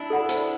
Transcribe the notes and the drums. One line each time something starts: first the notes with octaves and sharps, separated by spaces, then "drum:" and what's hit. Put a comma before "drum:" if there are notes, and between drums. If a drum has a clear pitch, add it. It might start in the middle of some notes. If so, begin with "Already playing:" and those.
Already playing: D4 E4
A4 D5 F#5 B5
C5, drum: hi-hat